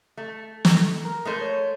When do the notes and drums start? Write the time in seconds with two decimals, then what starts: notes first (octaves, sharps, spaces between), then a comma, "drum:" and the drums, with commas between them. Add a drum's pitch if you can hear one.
0.17 A3
0.65 drum: snare
1.05 A#4
1.25 G#3 A3 C5
1.41 C#5